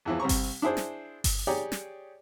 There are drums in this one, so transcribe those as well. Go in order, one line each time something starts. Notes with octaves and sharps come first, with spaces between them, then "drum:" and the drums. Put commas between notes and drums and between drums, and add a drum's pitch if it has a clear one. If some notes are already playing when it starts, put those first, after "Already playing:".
E2 E3 F3
C2 C4 A#5 C#6
drum: kick G1, open hi-hat
D4 E4 G#4 C5
drum: snare
drum: kick G1, open hi-hat
G4 G#4 C#5 D5 G5 A#5
drum: snare